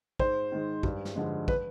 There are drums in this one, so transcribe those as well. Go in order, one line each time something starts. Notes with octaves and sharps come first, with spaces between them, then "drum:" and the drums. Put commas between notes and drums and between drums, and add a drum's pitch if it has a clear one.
G#2 C5, drum: kick
D#3 G#3
G2, drum: kick
drum: snare
D3 F3 G#3
B4, drum: kick